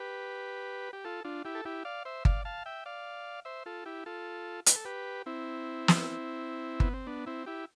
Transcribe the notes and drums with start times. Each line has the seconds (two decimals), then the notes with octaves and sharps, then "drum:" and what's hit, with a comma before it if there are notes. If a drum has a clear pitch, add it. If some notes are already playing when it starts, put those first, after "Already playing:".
Already playing: G4 B4
0.93 G4
1.05 F4 A4
1.24 D4 F4
1.45 E4 G4
1.55 A4
1.65 E4 G4
1.85 D5 F5
2.05 C5 E5
2.25 D5 F5, drum: kick G1
2.45 F5 A5
2.66 E5 G5
2.86 D5 F5
3.45 C5 E5
3.66 F4 A4
3.86 E4 G4
4.06 F4 A4
4.66 B4, drum: hi-hat
4.75 A4
4.85 G4 B4
5.26 C4 E4
5.88 drum: snare
6.80 B3, drum: kick G1
6.94 C4
7.07 B3 D4
7.26 C4 E4
7.46 E4 G4